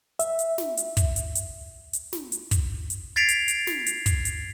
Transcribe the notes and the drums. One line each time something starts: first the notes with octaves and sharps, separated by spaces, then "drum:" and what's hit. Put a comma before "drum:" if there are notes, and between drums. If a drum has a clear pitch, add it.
E5, drum: hi-hat
drum: hi-hat
drum: snare
drum: hi-hat
drum: kick, hi-hat
drum: hi-hat
drum: hi-hat
drum: hi-hat
drum: snare
drum: hi-hat
drum: kick, hi-hat
drum: hi-hat
G#6 A6 B6 C7 D7 F7
drum: hi-hat
drum: hi-hat
drum: snare
drum: hi-hat
drum: kick, hi-hat
drum: hi-hat